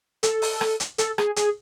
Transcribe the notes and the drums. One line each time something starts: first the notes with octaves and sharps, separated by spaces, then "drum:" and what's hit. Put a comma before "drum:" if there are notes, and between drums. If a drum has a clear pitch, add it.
A4, drum: hi-hat
drum: open hi-hat
drum: rim click
drum: hi-hat
A4, drum: hi-hat
G#4, drum: rim click
G#4, drum: hi-hat